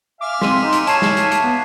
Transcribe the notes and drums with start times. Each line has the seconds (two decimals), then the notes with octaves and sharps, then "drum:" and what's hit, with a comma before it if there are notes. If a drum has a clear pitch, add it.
0.21 E5 F5 G#5 D6
0.42 C4 C6 B6 D#7, drum: snare
0.63 D#4 D6
0.72 drum: hi-hat
0.87 C#5 A5 C7 D#7 E7, drum: hi-hat
1.02 drum: snare
1.17 drum: hi-hat
1.32 drum: hi-hat
1.43 B3